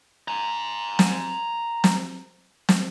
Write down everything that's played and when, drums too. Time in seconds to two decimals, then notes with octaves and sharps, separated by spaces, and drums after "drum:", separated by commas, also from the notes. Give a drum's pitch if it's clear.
0.28 G#5 A#5
0.99 drum: snare
1.84 drum: snare
2.69 drum: snare